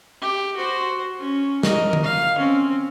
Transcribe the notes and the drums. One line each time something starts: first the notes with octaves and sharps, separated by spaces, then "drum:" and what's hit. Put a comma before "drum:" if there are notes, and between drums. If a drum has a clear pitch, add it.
G4
F#4 C5
C#4
A#4 D#5, drum: snare
drum: tom D3
F5
C4 C#4